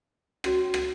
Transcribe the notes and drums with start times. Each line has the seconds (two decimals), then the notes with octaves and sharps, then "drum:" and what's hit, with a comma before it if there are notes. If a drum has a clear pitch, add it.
0.44 C#4 F#4 C#5, drum: rim click
0.74 drum: rim click